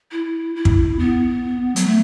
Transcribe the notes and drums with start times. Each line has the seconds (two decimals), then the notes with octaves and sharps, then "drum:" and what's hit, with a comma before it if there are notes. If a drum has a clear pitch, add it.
0.12 E4
0.56 E4
0.65 drum: kick
0.99 B3
1.76 F#3, drum: hi-hat
1.87 A3